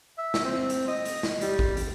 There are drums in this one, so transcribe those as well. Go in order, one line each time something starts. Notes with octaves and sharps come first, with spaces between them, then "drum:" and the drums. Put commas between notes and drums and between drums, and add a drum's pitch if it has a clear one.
E5
drum: snare
C4
drum: hi-hat
D#5
drum: hi-hat
drum: snare
G3, drum: hi-hat
drum: kick A1
drum: hi-hat